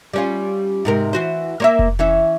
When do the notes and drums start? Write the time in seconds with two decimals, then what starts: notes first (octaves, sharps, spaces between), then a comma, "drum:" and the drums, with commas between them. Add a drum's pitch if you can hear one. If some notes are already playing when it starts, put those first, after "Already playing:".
0.13 G3 C#4 F4
0.85 G#2 C3 A#4
1.13 E3 F#4 C5
1.60 A#3 C#5 E5
1.79 drum: kick F1
1.99 E3 C#4 E5